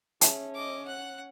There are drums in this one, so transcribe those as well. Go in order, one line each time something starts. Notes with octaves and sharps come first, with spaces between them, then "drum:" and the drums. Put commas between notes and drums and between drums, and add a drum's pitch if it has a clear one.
C#4 G#4 E5 G#5 A5, drum: hi-hat
D#5 D6
F#5 F#6